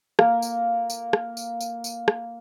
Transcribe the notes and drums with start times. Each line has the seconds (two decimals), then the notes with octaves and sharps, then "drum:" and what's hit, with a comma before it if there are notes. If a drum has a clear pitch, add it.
0.19 A#3 A#4, drum: rim click
0.42 drum: tambourine
0.90 drum: tambourine
1.13 drum: rim click
1.37 drum: tambourine
1.61 drum: tambourine
1.84 drum: tambourine
2.08 drum: rim click